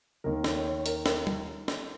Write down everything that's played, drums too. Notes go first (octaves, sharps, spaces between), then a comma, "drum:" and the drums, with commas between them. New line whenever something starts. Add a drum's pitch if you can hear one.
D#2 D#3 A#4
C#5, drum: snare
C#5
A#4, drum: hi-hat
A#4, drum: snare
drum: tom
drum: snare